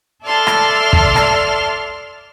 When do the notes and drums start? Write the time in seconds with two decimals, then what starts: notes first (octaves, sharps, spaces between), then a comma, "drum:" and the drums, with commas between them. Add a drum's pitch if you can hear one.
0.24 A4 D5 E5 A5 C6 F6
0.47 drum: rim click
0.93 drum: kick
1.16 drum: rim click